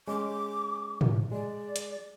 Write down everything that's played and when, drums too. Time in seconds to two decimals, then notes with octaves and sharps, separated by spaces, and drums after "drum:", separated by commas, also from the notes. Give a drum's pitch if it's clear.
0.08 G#3 C#4 D6
1.01 drum: tom
1.32 G#3 D5
1.76 drum: hi-hat